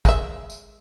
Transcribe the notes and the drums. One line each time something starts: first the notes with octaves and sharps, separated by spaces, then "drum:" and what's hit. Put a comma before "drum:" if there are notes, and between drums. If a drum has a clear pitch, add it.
G#3 E5, drum: kick, tambourine
drum: tambourine